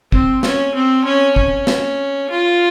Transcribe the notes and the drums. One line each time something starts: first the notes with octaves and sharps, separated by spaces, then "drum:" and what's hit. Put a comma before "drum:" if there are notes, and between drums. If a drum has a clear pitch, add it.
C4, drum: kick
C#4, drum: snare
C4
C#4
C#4, drum: kick
drum: snare
F4